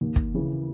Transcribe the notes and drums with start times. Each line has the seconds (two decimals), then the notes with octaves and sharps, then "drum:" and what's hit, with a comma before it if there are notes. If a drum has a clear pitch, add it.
0.01 D#2
0.16 drum: kick
0.34 C#3 E3